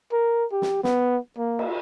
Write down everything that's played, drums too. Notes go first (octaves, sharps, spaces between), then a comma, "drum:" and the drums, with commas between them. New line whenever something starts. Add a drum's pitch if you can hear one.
A#4
G4
drum: snare
B3, drum: snare
A#3
drum: cymbal